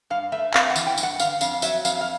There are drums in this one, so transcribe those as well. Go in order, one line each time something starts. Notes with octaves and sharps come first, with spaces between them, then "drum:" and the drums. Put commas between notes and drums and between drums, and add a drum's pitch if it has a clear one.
G2 F5
A3 E5
C4 F5, drum: clap
F#5
E3, drum: tambourine
G5
G2, drum: tambourine
F#5
D3 F5, drum: tambourine
F2 F5, drum: tambourine
F#3 E5, drum: tambourine
F2 F5, drum: tambourine
F5